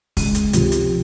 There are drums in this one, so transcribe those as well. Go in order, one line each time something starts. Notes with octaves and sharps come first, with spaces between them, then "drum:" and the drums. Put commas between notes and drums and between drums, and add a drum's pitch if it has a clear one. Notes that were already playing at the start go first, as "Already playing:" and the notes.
C#2, drum: kick, open hi-hat
drum: hi-hat
C3 F3, drum: hi-hat
drum: hi-hat